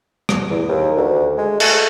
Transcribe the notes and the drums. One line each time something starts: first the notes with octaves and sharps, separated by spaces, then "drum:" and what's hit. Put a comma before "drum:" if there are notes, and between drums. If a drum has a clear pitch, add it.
drum: rim click
E2
D#2
D2
G#3
A3, drum: cymbal